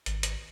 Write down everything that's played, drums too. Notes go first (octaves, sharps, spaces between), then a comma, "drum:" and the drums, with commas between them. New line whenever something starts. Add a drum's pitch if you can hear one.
G#1, drum: hi-hat
drum: hi-hat